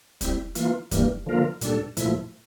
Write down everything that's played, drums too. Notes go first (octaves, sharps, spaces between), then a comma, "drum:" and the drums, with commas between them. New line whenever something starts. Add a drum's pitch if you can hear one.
G3 C4 E4, drum: kick, hi-hat
E3 A#3 F4, drum: hi-hat
G2 E3 G3 A#3, drum: kick, hi-hat
D3 F3 A#3 F4 A#4
A#2 G3 D4 A4, drum: hi-hat
A#2 F3 A3 E4, drum: hi-hat